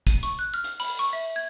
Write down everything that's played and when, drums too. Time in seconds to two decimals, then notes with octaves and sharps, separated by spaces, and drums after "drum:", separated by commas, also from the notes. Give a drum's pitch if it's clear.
0.07 D#7, drum: kick, hi-hat
0.23 C#6, drum: hi-hat
0.39 F#6
0.54 F6
0.64 drum: hi-hat
0.80 B5, drum: open hi-hat
0.99 C#6
1.13 E5
1.36 G#6